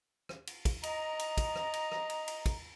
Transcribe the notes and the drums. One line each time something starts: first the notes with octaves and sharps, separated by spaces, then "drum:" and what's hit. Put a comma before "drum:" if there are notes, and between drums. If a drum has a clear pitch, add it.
drum: rim click
drum: cymbal
drum: kick, cymbal
D#5 A#5, drum: cymbal
drum: cymbal
drum: kick, cymbal
drum: rim click
drum: cymbal
drum: rim click
drum: cymbal
drum: cymbal
drum: kick, cymbal